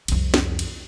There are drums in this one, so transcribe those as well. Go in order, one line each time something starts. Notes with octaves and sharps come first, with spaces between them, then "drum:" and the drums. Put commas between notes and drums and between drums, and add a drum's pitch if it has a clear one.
C2 F2, drum: cymbal
drum: snare
drum: cymbal